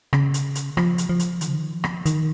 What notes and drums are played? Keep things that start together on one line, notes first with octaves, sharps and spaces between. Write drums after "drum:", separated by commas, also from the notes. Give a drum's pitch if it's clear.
C#3, drum: rim click
drum: hi-hat
drum: hi-hat
F3, drum: rim click
drum: hi-hat
F3
drum: hi-hat
D#3, drum: hi-hat
C#3
D#3
F3
drum: rim click
D#3, drum: hi-hat